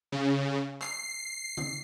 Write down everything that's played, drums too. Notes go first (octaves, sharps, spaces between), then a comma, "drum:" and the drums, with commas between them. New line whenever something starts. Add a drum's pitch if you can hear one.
C#3
C7, drum: clap
drum: tom C#3